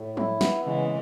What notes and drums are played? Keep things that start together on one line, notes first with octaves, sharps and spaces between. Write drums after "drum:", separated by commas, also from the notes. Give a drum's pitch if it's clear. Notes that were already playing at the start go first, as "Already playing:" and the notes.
Already playing: A2
E4, drum: tom
B3, drum: snare
C#3 E3 G#3